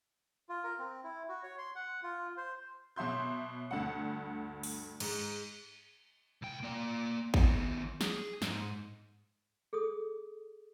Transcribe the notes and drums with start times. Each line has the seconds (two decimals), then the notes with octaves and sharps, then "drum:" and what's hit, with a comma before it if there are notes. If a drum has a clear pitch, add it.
0.49 F4
0.63 A#4
0.79 C4
1.04 E4
1.28 F#4
1.43 C#5
1.58 C6
1.76 F#5
2.03 F4
2.38 C5
2.96 B2 F#3 E5 C6 G6
3.71 D2 G2 F#5
4.63 drum: open hi-hat
5.00 G#2, drum: cymbal
6.42 C2 G5
6.63 A#3 D5
7.34 D#3 B3, drum: kick G#1
8.01 G#4, drum: snare
8.42 G#2, drum: snare
9.73 G#4 A4 D#6